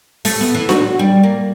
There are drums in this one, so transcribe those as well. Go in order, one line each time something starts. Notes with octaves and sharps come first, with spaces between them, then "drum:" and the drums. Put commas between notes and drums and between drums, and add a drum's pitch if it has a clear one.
A3, drum: open hi-hat
B3
E3
F#4, drum: snare D4
G3
A#3